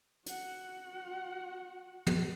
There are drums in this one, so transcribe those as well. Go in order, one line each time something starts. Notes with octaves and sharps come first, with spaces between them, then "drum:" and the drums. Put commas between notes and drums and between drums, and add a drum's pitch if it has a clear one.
F#4 F#5, drum: hi-hat
drum: tom